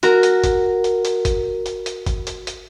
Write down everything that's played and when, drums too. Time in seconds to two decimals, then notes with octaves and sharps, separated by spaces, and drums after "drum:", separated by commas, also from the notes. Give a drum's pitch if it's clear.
0.03 F#4 A#4 A#5, drum: hi-hat
0.23 drum: hi-hat
0.44 drum: kick, hi-hat
0.84 drum: hi-hat
1.05 drum: hi-hat
1.25 drum: kick, hi-hat
1.66 drum: hi-hat
1.86 drum: hi-hat
2.06 drum: kick, hi-hat
2.27 drum: hi-hat
2.47 drum: hi-hat